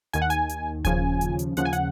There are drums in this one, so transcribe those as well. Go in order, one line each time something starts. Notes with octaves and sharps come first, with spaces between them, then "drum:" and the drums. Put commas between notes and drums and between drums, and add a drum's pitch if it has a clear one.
D#2 D#3 G#5, drum: hi-hat
F#5
G#5, drum: hi-hat
drum: hi-hat
D#2 C#3 F3 G#5, drum: kick D#1, hi-hat
drum: hi-hat
drum: hi-hat
D#2 C#3 F3 F#5, drum: hi-hat
G#5
F#5, drum: hi-hat